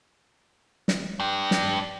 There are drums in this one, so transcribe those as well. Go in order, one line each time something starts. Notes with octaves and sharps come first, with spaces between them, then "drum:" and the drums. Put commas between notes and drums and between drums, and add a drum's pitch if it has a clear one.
drum: snare
D4 G4
drum: snare